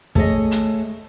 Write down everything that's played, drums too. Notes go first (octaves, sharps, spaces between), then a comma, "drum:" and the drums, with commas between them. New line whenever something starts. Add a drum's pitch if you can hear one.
A3 G#4 C#5 D#5, drum: kick
drum: hi-hat